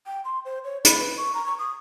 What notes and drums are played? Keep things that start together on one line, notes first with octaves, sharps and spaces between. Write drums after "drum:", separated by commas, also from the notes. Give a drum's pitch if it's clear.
G5
C6
C5
C#5
B5, drum: hi-hat
B4
C#6
A#5
C#6
D#6